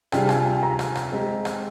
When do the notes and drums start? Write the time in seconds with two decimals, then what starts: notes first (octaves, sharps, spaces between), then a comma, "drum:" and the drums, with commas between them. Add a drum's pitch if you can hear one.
0.12 C3 G3 D4 F4 G#4 G5, drum: rim click
0.29 G#5, drum: rim click
0.46 G#5
0.63 A#5
0.79 drum: rim click
0.95 drum: rim click
1.12 G#3 C4 G4
1.45 drum: rim click